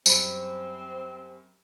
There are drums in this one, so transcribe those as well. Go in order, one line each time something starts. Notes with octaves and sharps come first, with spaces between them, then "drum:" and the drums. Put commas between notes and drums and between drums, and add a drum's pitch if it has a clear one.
F#2 G3 C4 C5 B5 B6, drum: tambourine